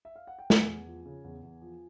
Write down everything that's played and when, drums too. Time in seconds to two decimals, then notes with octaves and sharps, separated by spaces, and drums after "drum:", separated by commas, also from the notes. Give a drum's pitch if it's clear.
0.05 E5
0.16 F5
0.27 F#5
0.39 G5
0.50 E2 G#5, drum: snare
0.68 E2
0.87 F3
1.06 C#3
1.24 E2
1.43 E2
1.62 F3